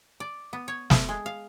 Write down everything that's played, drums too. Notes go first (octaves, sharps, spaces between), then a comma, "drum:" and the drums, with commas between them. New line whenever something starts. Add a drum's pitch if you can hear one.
D5
B3
C#5
A3, drum: snare
G#3
F5